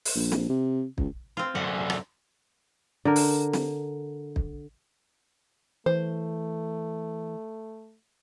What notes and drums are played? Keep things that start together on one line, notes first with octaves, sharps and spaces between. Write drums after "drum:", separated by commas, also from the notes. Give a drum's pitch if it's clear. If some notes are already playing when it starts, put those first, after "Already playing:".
drum: open hi-hat
A#1
drum: snare
C3
C#2, drum: kick
C4 F4
F#2 D3 F#5
drum: rim click
D3 A#4
drum: open hi-hat
drum: snare
drum: kick
E3 A3 C5